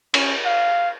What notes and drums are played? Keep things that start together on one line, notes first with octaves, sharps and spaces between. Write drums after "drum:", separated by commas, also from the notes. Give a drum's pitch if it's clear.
C#4, drum: cymbal
F5